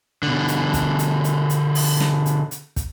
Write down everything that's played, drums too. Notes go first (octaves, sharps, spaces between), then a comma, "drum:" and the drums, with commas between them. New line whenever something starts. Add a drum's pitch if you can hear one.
B2 D3
drum: hi-hat
drum: kick, hi-hat
drum: hi-hat
drum: hi-hat
drum: hi-hat
drum: open hi-hat
drum: snare
drum: hi-hat
drum: hi-hat
drum: kick, hi-hat